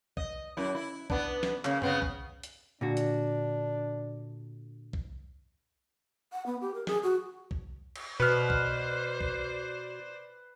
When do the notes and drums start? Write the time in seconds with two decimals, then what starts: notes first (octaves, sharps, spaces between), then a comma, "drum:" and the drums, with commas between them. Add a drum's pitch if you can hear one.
0.17 D#5, drum: kick
0.57 F#2 E4
0.75 E4
1.10 B3 D4, drum: kick
1.43 drum: snare
1.65 C#3 A#3, drum: clap
1.82 C#3 B3 C4, drum: tom F#2
2.02 drum: kick
2.43 drum: hi-hat
2.81 A#2 D3 D4 F#4
2.97 drum: hi-hat
4.93 drum: kick
6.32 F#5
6.46 B3
6.61 G4
6.74 A#4
6.87 G#4, drum: snare
7.03 F#4
7.51 drum: kick
7.96 drum: cymbal
8.20 B2 B4 C5 D5 F6
8.50 drum: kick
9.21 drum: kick